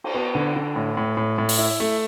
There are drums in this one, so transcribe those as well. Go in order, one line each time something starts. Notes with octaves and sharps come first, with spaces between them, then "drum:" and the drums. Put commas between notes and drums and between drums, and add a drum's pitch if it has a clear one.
drum: cymbal
B3
D3
D3
A2
A2
A2
A2
drum: open hi-hat
E4
A3